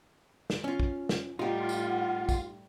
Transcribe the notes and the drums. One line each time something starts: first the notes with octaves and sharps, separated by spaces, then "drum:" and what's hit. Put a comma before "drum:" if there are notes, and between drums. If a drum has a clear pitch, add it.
drum: snare
C#4 F4
drum: kick
drum: snare
A2 G3 D#4 F4 G4 F#5
drum: tambourine
drum: kick, tambourine